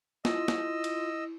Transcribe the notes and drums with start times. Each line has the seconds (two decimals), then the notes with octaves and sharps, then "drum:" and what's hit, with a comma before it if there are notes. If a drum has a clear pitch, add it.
0.25 E4 F4 D#5 E6, drum: snare
0.48 drum: snare
0.84 drum: cymbal